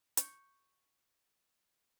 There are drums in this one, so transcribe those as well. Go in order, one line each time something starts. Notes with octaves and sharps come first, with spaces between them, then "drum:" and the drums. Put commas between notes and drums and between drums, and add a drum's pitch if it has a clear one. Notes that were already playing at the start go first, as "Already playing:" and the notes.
C#6 G6 C#7, drum: hi-hat